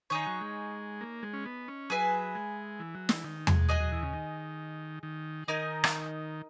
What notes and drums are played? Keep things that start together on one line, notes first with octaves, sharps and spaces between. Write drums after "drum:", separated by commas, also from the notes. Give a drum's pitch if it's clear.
D#3 D#4 G#4 C#5
F#3
G#3
A#3
G#3
C#4
B3
C#4
F#3 G#4 B4 E5 G#5
G#3
E3
F#3
E3, drum: snare
D#3
G#3, drum: tom E2
F#3 G#4 D#5 G#5
F#3
E3
C#3
D#3
D#3
D#3 D#4 A#4 D#5 G#5
drum: rim click